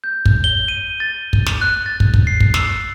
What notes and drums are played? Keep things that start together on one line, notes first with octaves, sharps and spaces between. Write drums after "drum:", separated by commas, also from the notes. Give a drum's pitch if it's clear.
G6
drum: kick
G7
D#7
A6
drum: kick
drum: snare
F#6
A6
drum: kick
drum: kick
C7
drum: kick
E6, drum: snare